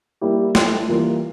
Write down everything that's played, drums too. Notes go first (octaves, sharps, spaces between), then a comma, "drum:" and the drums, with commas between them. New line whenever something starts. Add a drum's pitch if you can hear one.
G3 A#3 E4 G4
A3 E4 A4, drum: snare
E3 G3 A#3 F4